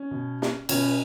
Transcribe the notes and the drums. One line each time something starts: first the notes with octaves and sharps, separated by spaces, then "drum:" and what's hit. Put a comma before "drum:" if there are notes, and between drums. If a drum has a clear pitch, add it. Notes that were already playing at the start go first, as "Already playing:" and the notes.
Already playing: C#4
B2
drum: snare
B2 C#4, drum: cymbal